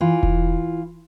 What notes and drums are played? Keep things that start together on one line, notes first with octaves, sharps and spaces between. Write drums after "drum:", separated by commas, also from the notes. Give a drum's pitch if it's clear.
E3 F4
drum: kick E1